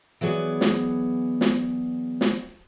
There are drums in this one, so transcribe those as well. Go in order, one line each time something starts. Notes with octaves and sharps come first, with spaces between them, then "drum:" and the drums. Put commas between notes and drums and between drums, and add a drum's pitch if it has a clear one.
E3 F#3 B3 G#4 D5
drum: snare
drum: snare
drum: snare